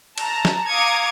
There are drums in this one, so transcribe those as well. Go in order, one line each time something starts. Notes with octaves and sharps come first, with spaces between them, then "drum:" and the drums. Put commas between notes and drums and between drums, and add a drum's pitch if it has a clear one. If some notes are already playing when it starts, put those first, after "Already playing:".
A5 A#5, drum: cymbal
drum: snare
F5 A#5 D6 D#6 G#6 C#7